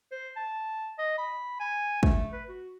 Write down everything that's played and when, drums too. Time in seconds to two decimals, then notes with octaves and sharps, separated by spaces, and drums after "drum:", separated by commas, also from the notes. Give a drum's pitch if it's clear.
0.12 C5
0.36 A5
0.98 D#5
1.18 B5
1.60 G#5
2.03 A3, drum: kick
2.33 B4
2.49 F#4